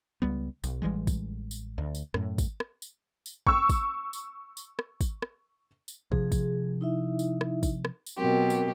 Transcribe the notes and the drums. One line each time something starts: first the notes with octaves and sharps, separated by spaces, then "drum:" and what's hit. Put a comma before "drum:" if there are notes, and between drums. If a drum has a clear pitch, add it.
C#2 G3 B3
B1, drum: tambourine
A1 E3 G3 G#3
drum: kick, tambourine
drum: tambourine
D2
drum: tambourine
F#2 A2, drum: rim click
drum: kick, tambourine
drum: rim click
drum: tambourine
drum: tambourine
C#6 E6, drum: kick
drum: kick, tambourine
drum: tambourine
drum: tambourine
drum: rim click
drum: kick, tambourine
drum: rim click
drum: tambourine
C3 F3 G#4, drum: kick
drum: kick, tambourine
D#4 E4 E5
drum: tambourine
drum: rim click
drum: kick, tambourine
drum: rim click
drum: tambourine
B2 F#3 C4 G4 A#4 G5
drum: tambourine